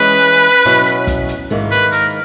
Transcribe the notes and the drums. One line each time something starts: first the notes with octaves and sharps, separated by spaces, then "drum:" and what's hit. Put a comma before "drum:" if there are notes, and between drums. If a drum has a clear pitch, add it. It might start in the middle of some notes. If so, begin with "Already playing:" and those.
Already playing: E3 G#3 C#4 G#4 B4
B2 F#3 C#4 E4, drum: hi-hat
drum: hi-hat
drum: kick, hi-hat
drum: hi-hat
G#2 D#3 A#3 E4
B4, drum: hi-hat
A#4, drum: hi-hat